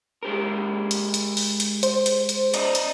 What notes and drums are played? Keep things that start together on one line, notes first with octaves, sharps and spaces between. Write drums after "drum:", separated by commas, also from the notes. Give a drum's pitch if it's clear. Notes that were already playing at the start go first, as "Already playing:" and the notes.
G#3 G4 A#4
drum: hi-hat
drum: hi-hat
drum: open hi-hat
drum: hi-hat
C5, drum: hi-hat
drum: hi-hat
drum: hi-hat
D5 D#5 A#5, drum: hi-hat
drum: hi-hat